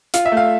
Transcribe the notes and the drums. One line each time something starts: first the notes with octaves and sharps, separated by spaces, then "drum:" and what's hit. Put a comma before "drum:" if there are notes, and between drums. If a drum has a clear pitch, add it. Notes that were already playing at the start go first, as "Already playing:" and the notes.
F4 F5, drum: hi-hat
E5
A3
F5